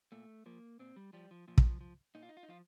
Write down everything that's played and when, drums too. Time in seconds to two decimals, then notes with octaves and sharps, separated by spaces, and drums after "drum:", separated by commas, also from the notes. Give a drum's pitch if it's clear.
0.12 A#2 A3
0.46 F3 A#3
0.79 A#2 C4
0.96 G3
1.13 F3 G3
1.31 F3
1.48 A#2 F3
1.58 drum: kick
1.81 F3
2.15 A#2 D#4
2.23 F4
2.29 D#4
2.37 F4
2.43 D#4
2.49 F3 F4